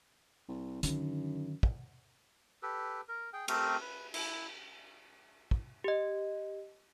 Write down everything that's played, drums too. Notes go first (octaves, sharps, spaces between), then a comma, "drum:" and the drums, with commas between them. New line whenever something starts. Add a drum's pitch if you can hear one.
C2
F#2 D3 D#3 D#4, drum: hi-hat
drum: kick
G4 A4 B4
A#4
G#4 G5
A3 C4 G4 A#4, drum: cymbal
B4
E4, drum: cymbal
drum: kick
G4 D#5